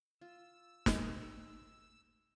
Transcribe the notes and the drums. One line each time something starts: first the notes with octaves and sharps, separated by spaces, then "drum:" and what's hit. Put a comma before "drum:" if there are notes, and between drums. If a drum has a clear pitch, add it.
F4 E6
drum: snare